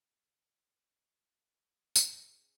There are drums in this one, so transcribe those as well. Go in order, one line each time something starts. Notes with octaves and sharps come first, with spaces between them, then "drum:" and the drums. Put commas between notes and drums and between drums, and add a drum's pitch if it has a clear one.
C#3 F#3 C#4 C#5, drum: tambourine